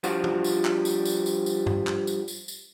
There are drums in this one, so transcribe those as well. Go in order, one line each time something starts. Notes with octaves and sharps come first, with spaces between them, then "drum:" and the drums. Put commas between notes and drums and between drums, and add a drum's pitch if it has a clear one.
F3 G3 D4 F4 F#4, drum: tambourine
drum: tom
drum: tambourine
drum: clap
drum: tambourine
drum: tambourine
drum: tambourine
drum: tambourine
drum: tom G2
drum: clap
drum: tambourine
drum: tambourine
drum: tambourine